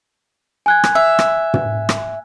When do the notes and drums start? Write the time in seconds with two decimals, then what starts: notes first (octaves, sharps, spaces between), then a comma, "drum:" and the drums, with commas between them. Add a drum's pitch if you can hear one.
0.66 G#5 F#6 G#6
0.84 drum: rim click
0.95 E5
1.19 drum: rim click
1.54 drum: tom
1.89 drum: rim click